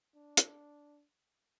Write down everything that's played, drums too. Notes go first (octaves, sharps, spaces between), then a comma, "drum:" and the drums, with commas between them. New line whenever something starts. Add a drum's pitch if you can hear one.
D4
drum: hi-hat